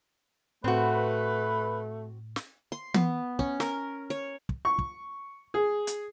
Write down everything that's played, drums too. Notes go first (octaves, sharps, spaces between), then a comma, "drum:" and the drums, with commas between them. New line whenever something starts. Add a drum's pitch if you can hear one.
A2 A3 C4 F#4 B4
drum: snare
C6
B3, drum: tom
C#4, drum: kick
A#4, drum: snare
C#5
drum: kick
C#6
drum: kick
G#4
drum: hi-hat